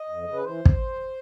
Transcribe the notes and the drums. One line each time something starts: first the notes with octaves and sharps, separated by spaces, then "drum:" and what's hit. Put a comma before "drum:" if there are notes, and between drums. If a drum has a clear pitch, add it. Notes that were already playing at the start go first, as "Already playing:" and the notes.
Already playing: D#5
F2
C#3
B4
E3 C5
drum: kick